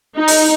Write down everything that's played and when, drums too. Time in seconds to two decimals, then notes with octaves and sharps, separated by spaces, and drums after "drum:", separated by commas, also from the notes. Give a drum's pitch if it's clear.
0.17 D#4
0.28 drum: open hi-hat